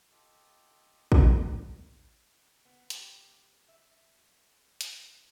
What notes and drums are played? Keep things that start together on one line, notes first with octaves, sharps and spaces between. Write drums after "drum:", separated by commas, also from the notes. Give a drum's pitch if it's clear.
F4 G4 A4 D#5
drum: kick
B3
G4, drum: hi-hat
E5
drum: hi-hat